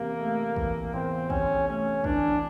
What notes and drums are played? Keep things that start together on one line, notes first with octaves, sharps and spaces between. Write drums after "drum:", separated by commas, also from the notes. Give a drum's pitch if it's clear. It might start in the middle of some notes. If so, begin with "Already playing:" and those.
Already playing: E2 C3 A#3
A3
E3, drum: kick
E2 C4, drum: tom G#2
C3 C#4, drum: kick
A3 C#4
E3 D4, drum: kick